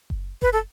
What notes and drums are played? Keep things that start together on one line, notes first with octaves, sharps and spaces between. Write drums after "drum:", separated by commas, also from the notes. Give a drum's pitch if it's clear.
drum: kick F#1
B4, drum: kick F#1
A4